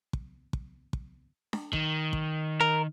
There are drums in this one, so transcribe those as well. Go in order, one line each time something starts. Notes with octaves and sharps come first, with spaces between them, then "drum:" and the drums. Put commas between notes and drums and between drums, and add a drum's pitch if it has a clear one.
drum: kick
drum: kick
drum: kick
drum: snare D4
D#3, drum: kick
drum: kick
A#4